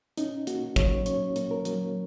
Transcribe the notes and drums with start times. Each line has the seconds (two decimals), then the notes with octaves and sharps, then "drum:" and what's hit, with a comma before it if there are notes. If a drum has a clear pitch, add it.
0.18 C#4 D#4, drum: hi-hat
0.47 A#3 F#4, drum: hi-hat
0.76 F#3 C#5, drum: kick, hi-hat
1.06 C#4 C#5, drum: hi-hat
1.36 A#3, drum: hi-hat
1.51 A#4
1.65 F#3, drum: hi-hat